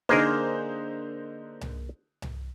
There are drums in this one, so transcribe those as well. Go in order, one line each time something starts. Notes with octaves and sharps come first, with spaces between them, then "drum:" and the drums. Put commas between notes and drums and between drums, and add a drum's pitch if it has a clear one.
D3 A#3 D#4 G#4 A#4 C5
drum: tom C2
drum: tom C2